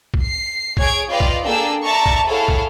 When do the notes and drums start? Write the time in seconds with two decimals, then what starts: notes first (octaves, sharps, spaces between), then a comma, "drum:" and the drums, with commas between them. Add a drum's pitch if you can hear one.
0.14 drum: kick
0.25 C7
0.77 G#4 C#5 G#6 D7, drum: kick
1.10 F4 B4 D5 D#5 F5 G5
1.20 drum: kick
1.45 A#3 D4 G#4 A4 G5 E6
1.84 D5 E5 A5 A#5 C#6
2.06 drum: kick
2.27 E4 G#4 A4 C#5 F5 F#5
2.48 drum: kick